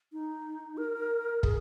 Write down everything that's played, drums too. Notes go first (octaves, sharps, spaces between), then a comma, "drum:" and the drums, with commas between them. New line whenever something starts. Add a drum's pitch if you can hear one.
D#4
A#4
G#4, drum: kick